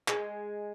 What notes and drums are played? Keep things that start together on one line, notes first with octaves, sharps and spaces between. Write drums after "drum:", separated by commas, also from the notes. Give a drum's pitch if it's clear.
G#3, drum: clap